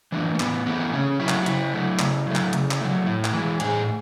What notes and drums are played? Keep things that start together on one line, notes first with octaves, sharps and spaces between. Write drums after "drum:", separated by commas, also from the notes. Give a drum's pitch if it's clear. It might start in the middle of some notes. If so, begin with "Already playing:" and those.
E3 A3 D4
A3
A2 B3, drum: clap
E3 A3 B3
C#3 C#4
F#3 A3 E4
drum: clap
F#4
C#3 E4, drum: hi-hat
F#3 A3
C#3, drum: clap
F#3 A3
drum: clap
C#3, drum: hi-hat
drum: clap
F#3 A3
A2
drum: clap
E3 G#3
A2 G#4, drum: hi-hat